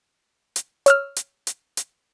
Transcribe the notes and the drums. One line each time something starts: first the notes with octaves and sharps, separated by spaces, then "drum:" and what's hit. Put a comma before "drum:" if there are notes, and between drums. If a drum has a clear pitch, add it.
drum: hi-hat
C#5 E6 F6, drum: hi-hat
drum: hi-hat
drum: hi-hat
drum: hi-hat